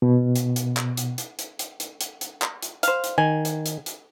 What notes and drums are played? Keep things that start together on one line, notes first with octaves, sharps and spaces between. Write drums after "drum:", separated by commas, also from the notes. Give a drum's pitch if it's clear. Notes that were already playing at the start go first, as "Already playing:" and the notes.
B2
drum: hi-hat
drum: hi-hat
drum: clap
drum: hi-hat
drum: hi-hat
drum: hi-hat
drum: hi-hat
drum: hi-hat
drum: hi-hat
drum: hi-hat
drum: clap
drum: hi-hat
C5 F5, drum: hi-hat
drum: hi-hat
D#3 G#5
drum: hi-hat
drum: hi-hat
drum: hi-hat